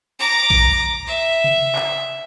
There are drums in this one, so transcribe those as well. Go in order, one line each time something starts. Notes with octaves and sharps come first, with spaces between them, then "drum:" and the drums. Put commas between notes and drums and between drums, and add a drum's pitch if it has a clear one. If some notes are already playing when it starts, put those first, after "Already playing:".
A#5 D6
drum: kick A#1
E5
drum: tom C3
drum: clap